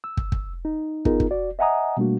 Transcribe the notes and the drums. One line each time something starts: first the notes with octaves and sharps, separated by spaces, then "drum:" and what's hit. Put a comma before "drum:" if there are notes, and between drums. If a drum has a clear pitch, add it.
E6
drum: kick
drum: kick
D#4
B3 D#4 F4 G#4 A#4, drum: kick
drum: kick
F#4 D5
D#5 E5 F#5 G#5 A#5 D#6
B2 G3 A3 A#3 D4 F#4